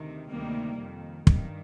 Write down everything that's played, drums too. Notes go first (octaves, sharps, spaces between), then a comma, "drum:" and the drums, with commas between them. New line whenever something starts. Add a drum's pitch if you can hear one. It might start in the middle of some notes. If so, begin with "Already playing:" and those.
Already playing: D2 C3 D#3
D2 C3 D#3 G3 A#3
F2 D#3
G2 D#3, drum: kick